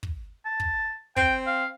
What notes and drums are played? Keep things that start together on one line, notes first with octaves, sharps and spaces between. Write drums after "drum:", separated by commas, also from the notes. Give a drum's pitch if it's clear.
drum: kick
A5
drum: kick
C4 G5, drum: kick
F5